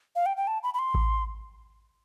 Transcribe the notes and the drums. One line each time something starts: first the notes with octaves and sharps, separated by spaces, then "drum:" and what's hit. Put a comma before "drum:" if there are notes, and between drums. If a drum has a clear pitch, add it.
F5
G5
G5
A5
B5
B5
C6
drum: kick A1